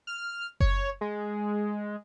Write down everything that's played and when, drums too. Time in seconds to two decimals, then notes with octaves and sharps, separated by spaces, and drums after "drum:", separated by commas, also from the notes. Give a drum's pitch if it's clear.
0.07 F6
0.60 C#5, drum: kick F#1
1.01 G#3